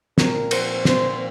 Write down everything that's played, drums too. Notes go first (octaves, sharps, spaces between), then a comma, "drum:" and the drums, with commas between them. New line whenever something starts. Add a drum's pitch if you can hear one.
A#2 F3 C4 A#4, drum: snare
C5, drum: cymbal
C5, drum: snare